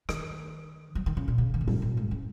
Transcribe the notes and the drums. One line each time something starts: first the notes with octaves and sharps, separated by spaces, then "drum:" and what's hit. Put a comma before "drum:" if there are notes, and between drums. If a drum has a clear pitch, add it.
D#3, drum: rim click
F#3
D#3
C#3
A#2
C#3
D#3
A#2
C#3, drum: tom A2
A#2
G#2
C#3